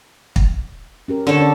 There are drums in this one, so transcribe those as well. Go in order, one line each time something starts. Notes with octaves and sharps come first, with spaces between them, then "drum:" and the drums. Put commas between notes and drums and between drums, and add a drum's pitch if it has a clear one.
drum: kick
C#4 G4 A#4
D3 D4 A4 C#5
C#4 C#5 D5